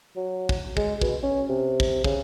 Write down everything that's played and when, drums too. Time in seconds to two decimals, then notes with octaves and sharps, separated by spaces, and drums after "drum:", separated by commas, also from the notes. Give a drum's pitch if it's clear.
0.16 F#3
0.49 drum: kick
0.77 G#3, drum: kick
1.02 B2, drum: kick
1.23 C#4
1.49 C3
1.80 drum: kick
2.04 C#3, drum: kick